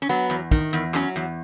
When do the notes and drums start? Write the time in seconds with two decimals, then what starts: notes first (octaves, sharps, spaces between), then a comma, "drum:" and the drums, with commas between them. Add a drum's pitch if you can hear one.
0.02 C#4
0.09 F#3 B3
0.30 E2
0.51 D#3, drum: kick
0.73 E2
0.94 F#3 C#4, drum: clap
1.16 E2